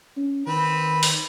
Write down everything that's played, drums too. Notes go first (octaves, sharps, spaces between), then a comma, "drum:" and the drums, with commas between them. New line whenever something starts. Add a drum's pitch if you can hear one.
C#4
D#3 C4 B4
drum: open hi-hat